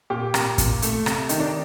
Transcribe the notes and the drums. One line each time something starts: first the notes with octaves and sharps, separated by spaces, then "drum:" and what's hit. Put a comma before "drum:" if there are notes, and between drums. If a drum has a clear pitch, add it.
A#2 G4
A#2, drum: rim click
A#2, drum: kick, hi-hat
A3, drum: hi-hat
C3, drum: rim click
D#3 D#4, drum: hi-hat
D4